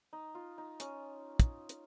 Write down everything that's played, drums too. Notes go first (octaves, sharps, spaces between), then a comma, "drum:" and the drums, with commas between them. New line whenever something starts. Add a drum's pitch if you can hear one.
D#4
F4
D#4
C#4, drum: hi-hat
drum: kick, hi-hat
drum: hi-hat